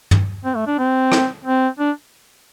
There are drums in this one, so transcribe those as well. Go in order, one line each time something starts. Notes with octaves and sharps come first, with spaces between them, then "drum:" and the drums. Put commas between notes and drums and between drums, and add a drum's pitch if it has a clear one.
drum: tom
C4
A3
D4
C4
drum: rim click
C4
D4